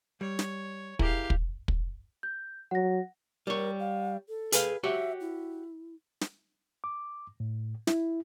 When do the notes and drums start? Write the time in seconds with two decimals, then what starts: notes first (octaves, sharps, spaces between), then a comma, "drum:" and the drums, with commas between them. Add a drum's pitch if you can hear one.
0.21 G3 C#5
0.39 drum: snare
0.99 E4 G4 G#4 A#4 F5, drum: kick
1.30 drum: kick
1.68 drum: kick
2.23 G6
2.71 F#3 F#5 A#6
3.47 G3 A#4 C#5
3.80 F5
4.29 A4
4.52 G#4 B4 F5, drum: hi-hat
4.83 F#4 G4 C#5 E5
5.21 E4
6.21 drum: snare
6.84 D6
7.40 A2
7.87 E4, drum: snare